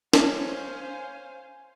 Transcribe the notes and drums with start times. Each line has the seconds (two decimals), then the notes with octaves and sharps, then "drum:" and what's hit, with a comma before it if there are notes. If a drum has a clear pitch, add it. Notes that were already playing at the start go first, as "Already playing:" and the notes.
0.13 C#4 C5 F5 G#5, drum: snare